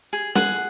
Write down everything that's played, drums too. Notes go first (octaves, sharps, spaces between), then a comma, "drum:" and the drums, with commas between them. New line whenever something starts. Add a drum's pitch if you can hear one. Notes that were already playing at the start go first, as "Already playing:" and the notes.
G#4
G#4 F#5, drum: snare